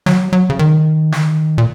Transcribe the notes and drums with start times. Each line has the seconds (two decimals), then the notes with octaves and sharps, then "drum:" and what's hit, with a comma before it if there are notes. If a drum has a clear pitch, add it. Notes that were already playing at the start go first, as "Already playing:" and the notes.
0.06 F#3, drum: snare
0.33 F#3
0.50 C#3
0.59 D#3
1.12 drum: snare
1.58 A#2